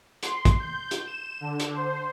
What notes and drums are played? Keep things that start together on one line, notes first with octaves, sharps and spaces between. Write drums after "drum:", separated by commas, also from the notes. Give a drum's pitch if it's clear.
C6, drum: hi-hat
drum: kick, hi-hat
G6
drum: hi-hat
E7
D3
drum: hi-hat
C5